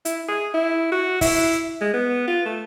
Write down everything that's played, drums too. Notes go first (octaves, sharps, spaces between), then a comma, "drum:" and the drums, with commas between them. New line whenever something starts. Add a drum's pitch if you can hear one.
E4, drum: hi-hat
G#4
E4
F#4
E4, drum: kick, open hi-hat
G#3
B3
F4
A3